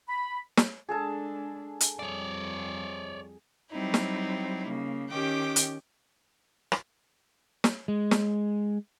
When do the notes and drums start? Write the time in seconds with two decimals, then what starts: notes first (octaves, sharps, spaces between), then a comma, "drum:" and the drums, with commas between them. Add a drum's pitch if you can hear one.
0.09 B5
0.57 drum: snare
0.89 G#3 D4 G#4 A4 A5
1.81 drum: hi-hat
1.99 F2 G3 C#5 D5
3.72 F#3 G3 C4 D#4 E4
3.94 drum: snare
4.67 C#3 A#3
5.10 D#3 C#4 G4 G5 D6
5.56 drum: hi-hat
6.72 drum: rim click
7.64 drum: snare
7.88 G#3
8.11 drum: snare